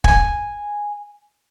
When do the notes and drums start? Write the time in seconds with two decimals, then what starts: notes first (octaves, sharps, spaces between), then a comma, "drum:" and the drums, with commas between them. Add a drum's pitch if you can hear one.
0.04 G#5, drum: kick